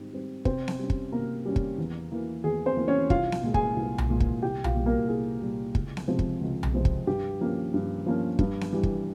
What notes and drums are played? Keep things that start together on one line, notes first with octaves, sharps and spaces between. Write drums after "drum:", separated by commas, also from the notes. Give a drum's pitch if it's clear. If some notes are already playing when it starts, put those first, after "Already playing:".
Already playing: G#2 G3 C4
G3 C4
C3 C4 C5, drum: kick
drum: snare B3
G3 C#4
drum: kick
C3 A#3 A#4
G3 C#4
drum: kick
E2
E3 A#3
E2 G#4
C4 C5
E3 A#3
C#4 C#5
C2 F4 F5, drum: kick
drum: snare B3
A#2 G#3
G#4 G#5, drum: kick
C2
drum: tom B1
A#2 G#3
drum: kick
C2 G4 G5
F4 F5, drum: tom B1
A#2 G3
A#3 A#4
C2 G#4
A#2 G3
C#2, drum: kick
drum: snare B3
C3 F3 G#3 C4
drum: kick
C#2
drum: tom B1
C3 F3 G#3 C4
drum: kick
G2 G4
F3 A#3 C#4
G2
F3 A#3 C#4
G2, drum: kick
drum: snare B3
E3 G3
drum: kick